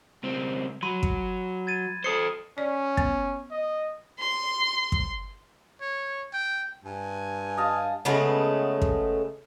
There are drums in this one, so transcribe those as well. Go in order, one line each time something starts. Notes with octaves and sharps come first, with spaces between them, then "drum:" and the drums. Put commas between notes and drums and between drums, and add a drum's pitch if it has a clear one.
C#2 C4
F#3 B5 C6 D#7
drum: kick
G#6 A6 D#7
A4 C5 D#6 C7 C#7
C#4 D5
B3, drum: kick
D#5
C6
drum: kick
C#5
G5
G2 G#5
D#5 F5 A5
C#3 G#3 A3 B3
drum: kick